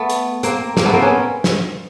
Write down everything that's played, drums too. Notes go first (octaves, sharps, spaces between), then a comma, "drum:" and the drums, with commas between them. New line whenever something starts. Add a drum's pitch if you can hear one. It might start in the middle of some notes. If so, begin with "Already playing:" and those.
Already playing: A3 B3
drum: hi-hat
A#3 C4, drum: hi-hat
A#3 C4, drum: snare
A3 B3
A#3 C4
B3 C#4
drum: snare